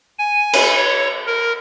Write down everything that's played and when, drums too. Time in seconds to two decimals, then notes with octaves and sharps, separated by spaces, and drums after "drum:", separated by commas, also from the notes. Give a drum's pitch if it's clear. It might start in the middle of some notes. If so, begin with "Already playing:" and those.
0.19 G#5
0.53 drum: cymbal
0.77 C#5
1.27 A#4